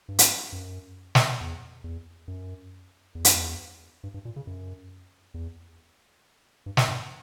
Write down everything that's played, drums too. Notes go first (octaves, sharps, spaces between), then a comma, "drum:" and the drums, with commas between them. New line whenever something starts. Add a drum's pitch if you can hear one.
G2
drum: hi-hat
F#2
drum: snare
E2
E2
F#2
E2
F#2, drum: hi-hat
E2
G2
G2
A#2
C#3
F#2
E2
G2
A#2, drum: snare
G2